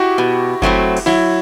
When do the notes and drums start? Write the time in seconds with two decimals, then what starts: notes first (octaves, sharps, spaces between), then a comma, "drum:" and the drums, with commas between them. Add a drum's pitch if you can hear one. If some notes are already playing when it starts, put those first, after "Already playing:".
Already playing: E4 F#4 G4
0.18 B2
0.62 F#3 A3 C4 E4, drum: kick F#1
0.97 drum: cymbal
1.06 F#3 E4